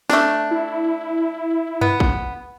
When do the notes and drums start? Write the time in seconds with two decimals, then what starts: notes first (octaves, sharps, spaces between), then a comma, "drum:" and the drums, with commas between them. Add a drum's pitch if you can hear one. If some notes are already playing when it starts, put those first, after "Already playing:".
0.10 A3 D4, drum: snare
0.51 E4
1.81 B3, drum: tom F#2
2.00 drum: kick